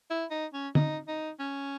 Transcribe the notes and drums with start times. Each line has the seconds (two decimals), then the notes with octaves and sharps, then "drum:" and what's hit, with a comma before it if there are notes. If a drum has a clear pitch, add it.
0.10 E4
0.31 D#4
0.53 C#4
0.75 D#4, drum: tom
1.08 D#4
1.39 C#4